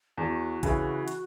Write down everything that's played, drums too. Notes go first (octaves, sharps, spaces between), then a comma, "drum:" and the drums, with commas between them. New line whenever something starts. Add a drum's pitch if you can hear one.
E2 F#4
C#3 E3, drum: kick, hi-hat
drum: hi-hat